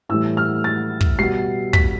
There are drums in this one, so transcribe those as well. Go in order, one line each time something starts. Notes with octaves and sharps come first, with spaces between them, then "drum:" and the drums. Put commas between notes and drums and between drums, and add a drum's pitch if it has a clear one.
A2 E3 G3 E6
F6
A6
drum: kick
B2 G3 C7
B6, drum: kick